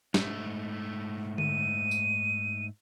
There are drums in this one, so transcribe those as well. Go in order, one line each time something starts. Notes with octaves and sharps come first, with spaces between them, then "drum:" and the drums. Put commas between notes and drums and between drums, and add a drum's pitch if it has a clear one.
G#2 A3, drum: snare
D#7, drum: tom D3
drum: tambourine